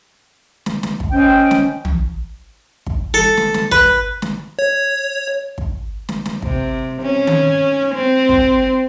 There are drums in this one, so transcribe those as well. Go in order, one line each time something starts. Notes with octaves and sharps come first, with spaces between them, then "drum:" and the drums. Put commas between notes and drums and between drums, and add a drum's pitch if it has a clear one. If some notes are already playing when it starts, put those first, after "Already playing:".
drum: snare
drum: snare
drum: kick
C#4 C5 D#5 G5
drum: snare
drum: tom
drum: kick
A4
drum: snare
drum: snare
B4, drum: kick
drum: snare
C#5
drum: kick
drum: snare
drum: snare
C3, drum: kick
C#4
drum: tom D#3
C4
drum: kick